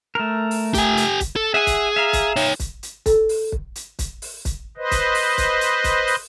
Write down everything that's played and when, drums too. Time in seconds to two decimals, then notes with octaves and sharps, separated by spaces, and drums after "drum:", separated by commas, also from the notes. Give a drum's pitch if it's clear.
0.15 A3 A#4
0.51 drum: open hi-hat
0.74 G4 G#5, drum: kick, hi-hat
0.97 drum: hi-hat
1.20 drum: kick, hi-hat
1.36 A4
1.54 G#4 E5 F#5 G#5
1.67 drum: kick, hi-hat
1.96 E5 F5 A#5
2.13 drum: kick, hi-hat
2.36 D#4 C#5, drum: open hi-hat
2.60 drum: kick, hi-hat
2.83 drum: hi-hat
3.06 A4, drum: kick, hi-hat
3.29 drum: open hi-hat
3.52 drum: kick
3.75 drum: hi-hat
3.99 drum: kick, hi-hat
4.22 drum: open hi-hat
4.45 drum: kick, hi-hat
4.77 B4 C5 D#5
4.91 drum: kick, hi-hat
5.15 drum: open hi-hat
5.38 drum: kick, hi-hat
5.61 drum: hi-hat
5.84 drum: kick, hi-hat
6.07 drum: open hi-hat